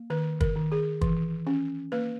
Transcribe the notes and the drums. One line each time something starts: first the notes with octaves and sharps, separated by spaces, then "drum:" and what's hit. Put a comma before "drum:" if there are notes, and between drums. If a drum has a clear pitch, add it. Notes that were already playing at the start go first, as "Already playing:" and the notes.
Already playing: A#3
D#3 B4
A#4, drum: kick
D#3
G#4
E3, drum: kick
C#4
A#3 B4